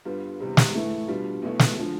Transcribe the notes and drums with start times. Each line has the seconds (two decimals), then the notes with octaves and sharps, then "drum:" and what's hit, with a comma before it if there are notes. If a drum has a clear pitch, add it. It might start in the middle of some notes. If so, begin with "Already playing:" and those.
0.05 G2 D3 G3 B3 F4
0.40 E2 C3 G3 C4
0.57 drum: snare
0.75 A2 E3 A3
1.08 B2 G3 D4 F4
1.42 B1 B2 A3 E4
1.59 drum: snare
1.78 D3 F3